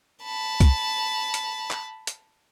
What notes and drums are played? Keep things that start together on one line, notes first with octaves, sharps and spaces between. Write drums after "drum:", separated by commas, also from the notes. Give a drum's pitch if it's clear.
A5 B5
drum: kick C2, hi-hat
drum: hi-hat
drum: clap
drum: hi-hat